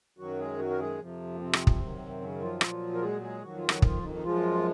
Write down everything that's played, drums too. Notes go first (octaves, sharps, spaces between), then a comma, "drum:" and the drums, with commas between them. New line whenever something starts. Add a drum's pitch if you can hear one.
F#2 D#3 F#3 F#4
G#3 G#4
F#3 F#4
A#4
G#3 G#4
F2 C3 F3
A#3
C3 C4
drum: rim click
drum: kick
F#2 D#3 F#3
C#3 C#4
F3 F4
A#2 F#3, drum: rim click
A#4
G#3 G#4
G#3 G#4
F2 D#3 F#3 F#4
F4
F#3 F#4, drum: rim click
F3 F4, drum: kick
D#3 D#4
D#4
F#2 F3 G#3 F4